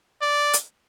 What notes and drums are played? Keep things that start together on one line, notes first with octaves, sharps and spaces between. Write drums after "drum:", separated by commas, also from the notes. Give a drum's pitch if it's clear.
D5
drum: hi-hat